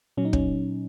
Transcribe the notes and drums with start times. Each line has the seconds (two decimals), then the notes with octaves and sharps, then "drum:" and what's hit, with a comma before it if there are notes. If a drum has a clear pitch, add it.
0.17 A#2 F#3 C#4
0.25 D#4
0.33 C#4, drum: kick